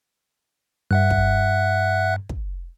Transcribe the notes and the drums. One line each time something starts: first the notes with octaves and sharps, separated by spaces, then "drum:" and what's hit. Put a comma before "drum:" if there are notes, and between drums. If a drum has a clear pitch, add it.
G2 E5 F#5 F#6
drum: kick
drum: kick